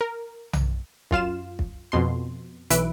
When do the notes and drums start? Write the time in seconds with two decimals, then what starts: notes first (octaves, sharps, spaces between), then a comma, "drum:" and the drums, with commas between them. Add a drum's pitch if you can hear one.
0.01 A#4
0.53 drum: tom B1
1.11 F#2 F4 F5 E7, drum: kick
1.59 drum: kick
1.92 F2 B2 C6
2.70 B1 E3 B4 E5 D7, drum: hi-hat